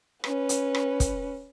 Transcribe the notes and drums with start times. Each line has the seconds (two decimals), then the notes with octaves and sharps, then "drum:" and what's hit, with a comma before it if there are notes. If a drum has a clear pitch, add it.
0.24 C#4 B4, drum: rim click
0.49 drum: hi-hat
0.75 drum: rim click
1.00 drum: kick, hi-hat